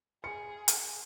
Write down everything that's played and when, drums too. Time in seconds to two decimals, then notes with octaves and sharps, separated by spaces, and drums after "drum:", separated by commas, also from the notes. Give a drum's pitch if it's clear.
0.24 G#4 C#7
0.68 drum: hi-hat